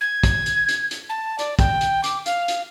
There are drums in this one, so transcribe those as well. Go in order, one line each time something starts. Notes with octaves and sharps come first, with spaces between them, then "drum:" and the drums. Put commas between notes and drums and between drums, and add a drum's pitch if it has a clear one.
G#6
drum: kick, hi-hat
drum: hi-hat
drum: hi-hat
drum: hi-hat
A5
D5, drum: hi-hat
G5, drum: kick, hi-hat
drum: hi-hat
D6, drum: hi-hat
F5, drum: hi-hat
drum: hi-hat